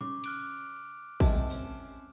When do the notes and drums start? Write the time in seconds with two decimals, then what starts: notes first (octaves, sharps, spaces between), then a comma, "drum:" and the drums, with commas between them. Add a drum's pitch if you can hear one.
0.01 C#3 D6
0.24 F6 F#6 D7, drum: cymbal
1.20 C3 G3 G#3 A#3 A5, drum: kick
1.50 C4 C#4 C5